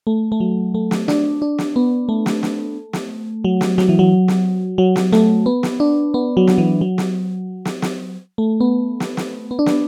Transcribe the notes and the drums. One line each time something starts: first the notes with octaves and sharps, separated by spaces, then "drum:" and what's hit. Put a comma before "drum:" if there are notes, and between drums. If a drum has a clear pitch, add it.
A3
A3
F#3
A3
drum: snare
D4, drum: snare
D4
drum: snare
B3
A3
drum: snare
drum: snare
drum: snare
F#3
drum: snare
F#3, drum: snare
E3
F#3
drum: snare
F#3
drum: snare
A3, drum: snare
B3
drum: snare
D4
B3
F#3
drum: snare
E3
F#3
drum: snare
drum: snare
drum: snare
A3
B3
drum: snare
drum: snare
B3
D4
B3, drum: snare